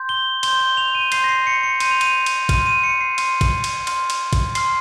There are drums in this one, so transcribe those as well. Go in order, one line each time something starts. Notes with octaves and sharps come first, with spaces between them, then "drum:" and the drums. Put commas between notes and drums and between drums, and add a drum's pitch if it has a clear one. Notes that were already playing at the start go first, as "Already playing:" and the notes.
Already playing: C6 G6
G7
C6 G6 G7, drum: cymbal
G7
F7
D#7
C6 G6 C7, drum: cymbal
A#6
C7
C#7
C#7
C6 G6 D#7, drum: cymbal
F7
D#7, drum: cymbal
drum: cymbal
C6 F6 D#7, drum: kick, cymbal
D#7
C#7
C7
C6 F6, drum: cymbal
drum: kick, cymbal
drum: cymbal
C6 F6, drum: cymbal
drum: cymbal
drum: kick, cymbal
C6 F6 C7, drum: cymbal